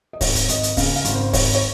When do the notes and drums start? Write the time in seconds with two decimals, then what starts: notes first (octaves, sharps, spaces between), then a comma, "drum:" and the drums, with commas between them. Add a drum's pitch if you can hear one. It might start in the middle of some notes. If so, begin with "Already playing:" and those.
0.13 D#5
0.21 G#1 C#5, drum: kick, open hi-hat
0.35 drum: kick, hi-hat
0.49 G#1 D#5, drum: hi-hat
0.63 drum: hi-hat
0.77 C#3 F5, drum: kick, open hi-hat
0.96 F5
1.05 G#1, drum: hi-hat
1.15 C5
1.33 G#1 C#5, drum: kick, open hi-hat
1.55 C#5